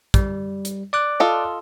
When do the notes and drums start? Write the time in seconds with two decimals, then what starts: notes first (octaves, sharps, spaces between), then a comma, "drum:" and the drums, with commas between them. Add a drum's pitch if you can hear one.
0.14 G3, drum: kick, hi-hat
0.65 drum: hi-hat
0.93 D5 D6 F#6
1.20 F4 A4 D#5